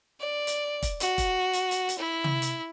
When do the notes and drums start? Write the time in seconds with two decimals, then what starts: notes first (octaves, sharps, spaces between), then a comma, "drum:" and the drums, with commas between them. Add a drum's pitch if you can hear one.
0.20 D5
0.47 drum: hi-hat
0.83 drum: kick, hi-hat
1.00 F#4, drum: hi-hat
1.18 drum: kick, hi-hat
1.53 drum: hi-hat
1.71 drum: hi-hat
1.89 drum: hi-hat
1.98 E4
2.24 drum: tom
2.42 drum: hi-hat